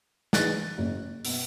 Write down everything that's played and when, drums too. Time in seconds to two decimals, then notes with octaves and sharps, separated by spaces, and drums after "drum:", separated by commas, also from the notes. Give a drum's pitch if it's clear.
0.33 E3 G#3 D#4 F#6 A6, drum: snare
0.78 F#1
1.25 B2, drum: open hi-hat